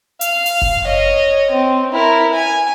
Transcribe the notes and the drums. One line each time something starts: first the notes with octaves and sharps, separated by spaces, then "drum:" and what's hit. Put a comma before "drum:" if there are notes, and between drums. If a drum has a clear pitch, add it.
F5, drum: hi-hat
drum: open hi-hat
drum: kick F#1
C#5 D#5
C4
E4 A#4
G#5